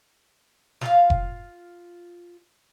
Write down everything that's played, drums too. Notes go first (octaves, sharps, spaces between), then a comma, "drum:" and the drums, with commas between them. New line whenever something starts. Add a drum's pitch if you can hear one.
F4 F5, drum: snare
drum: kick F1